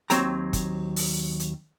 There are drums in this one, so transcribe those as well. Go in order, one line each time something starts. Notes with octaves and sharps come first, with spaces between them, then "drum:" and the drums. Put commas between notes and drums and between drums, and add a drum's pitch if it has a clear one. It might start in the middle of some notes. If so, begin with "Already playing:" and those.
D#2 F#3 C4 G5 A#5, drum: hi-hat
drum: kick, hi-hat
drum: open hi-hat
drum: hi-hat